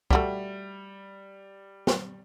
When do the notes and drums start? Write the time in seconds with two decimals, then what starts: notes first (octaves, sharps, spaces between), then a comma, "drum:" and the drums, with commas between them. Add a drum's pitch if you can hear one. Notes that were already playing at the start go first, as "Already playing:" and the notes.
0.11 G3 A3 F#4 G4, drum: kick
1.87 drum: snare